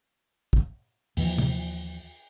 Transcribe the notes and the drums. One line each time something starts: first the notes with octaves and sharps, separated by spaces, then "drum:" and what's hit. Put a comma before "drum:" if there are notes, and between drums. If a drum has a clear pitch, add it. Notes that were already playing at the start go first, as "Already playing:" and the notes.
drum: kick
D#2 E3 F3, drum: open hi-hat
drum: tom